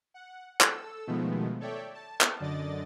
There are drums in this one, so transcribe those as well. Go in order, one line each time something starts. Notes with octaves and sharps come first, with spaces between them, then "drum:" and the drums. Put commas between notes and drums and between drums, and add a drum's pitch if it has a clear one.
F#5
A4 E6, drum: clap
B2 D#3 F3 G#3 A3 B3
A4 C#5 D5 E5 G5
A5
drum: clap
F#2 D3 D5 D#5 A6